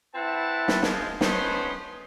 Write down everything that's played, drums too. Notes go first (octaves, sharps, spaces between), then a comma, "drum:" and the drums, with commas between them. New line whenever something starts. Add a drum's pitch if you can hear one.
C4 E4 B4 F#5 A5
drum: snare
F3 G#3, drum: snare
A3 B3 C#4 D#4 B4 C5, drum: snare